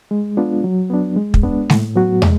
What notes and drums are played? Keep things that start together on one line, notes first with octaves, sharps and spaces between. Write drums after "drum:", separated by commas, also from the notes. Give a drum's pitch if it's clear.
G#3
B3 D4 F4
F#3
B3 D4
G#3
drum: kick
B3 D4
A2, drum: snare
F#3 B3 F#4
G#3, drum: tom